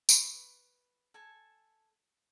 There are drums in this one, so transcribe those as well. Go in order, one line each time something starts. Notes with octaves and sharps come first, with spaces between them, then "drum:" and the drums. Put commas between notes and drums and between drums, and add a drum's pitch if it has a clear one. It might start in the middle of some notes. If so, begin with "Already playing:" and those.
B4 C#6 D#6, drum: tambourine
A4 G#5 A5